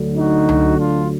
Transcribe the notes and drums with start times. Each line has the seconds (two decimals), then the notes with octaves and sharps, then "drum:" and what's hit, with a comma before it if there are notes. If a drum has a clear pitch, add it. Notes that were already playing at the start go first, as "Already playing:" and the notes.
Already playing: D2 D3 F#3
0.17 D#4 F#4
0.49 drum: tom C#2
0.79 D4 F4